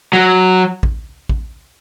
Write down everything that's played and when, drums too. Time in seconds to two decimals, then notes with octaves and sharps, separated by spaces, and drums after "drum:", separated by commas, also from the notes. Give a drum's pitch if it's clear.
0.13 F#3
0.83 drum: kick A1
1.29 drum: kick A1